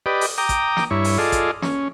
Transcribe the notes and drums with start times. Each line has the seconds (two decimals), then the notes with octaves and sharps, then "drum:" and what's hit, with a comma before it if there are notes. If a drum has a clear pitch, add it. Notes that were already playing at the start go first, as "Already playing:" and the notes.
0.06 G4 B4 D5 D#5
0.21 drum: open hi-hat
0.38 G5 A#5 D6 D#6
0.49 drum: kick, hi-hat
0.77 drum: snare
0.91 G2 E4 C#5
1.04 drum: open hi-hat
1.18 F4 G#4 A4 D5 D#5
1.32 drum: kick, hi-hat
1.62 C#4, drum: snare